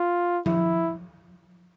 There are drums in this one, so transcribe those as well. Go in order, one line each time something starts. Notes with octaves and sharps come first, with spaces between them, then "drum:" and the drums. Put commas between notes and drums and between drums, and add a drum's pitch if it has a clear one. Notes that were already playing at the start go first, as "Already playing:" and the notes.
Already playing: F4
E4, drum: tom F3